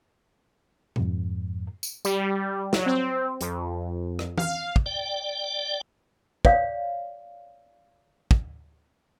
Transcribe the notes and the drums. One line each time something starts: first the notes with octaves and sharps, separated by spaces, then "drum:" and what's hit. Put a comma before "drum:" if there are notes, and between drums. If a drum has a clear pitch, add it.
F2 G#2, drum: tom B2
drum: tambourine
G3, drum: tambourine
F#3, drum: snare
C4
F2, drum: hi-hat
drum: rim click
F5, drum: tom
drum: kick
D5 G5
C#5 D5 F5, drum: kick
drum: kick